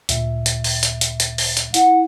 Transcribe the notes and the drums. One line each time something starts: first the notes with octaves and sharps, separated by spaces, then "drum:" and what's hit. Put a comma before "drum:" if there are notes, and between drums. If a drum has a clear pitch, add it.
D2 A#2 E5, drum: hi-hat
drum: hi-hat
drum: open hi-hat
drum: hi-hat
drum: hi-hat
drum: hi-hat
drum: open hi-hat
drum: hi-hat
E4 F#5, drum: hi-hat